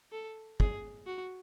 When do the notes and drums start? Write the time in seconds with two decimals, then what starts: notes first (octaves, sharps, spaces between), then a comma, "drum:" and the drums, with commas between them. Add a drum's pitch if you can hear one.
0.12 A4
0.60 G#4, drum: kick
1.07 F#4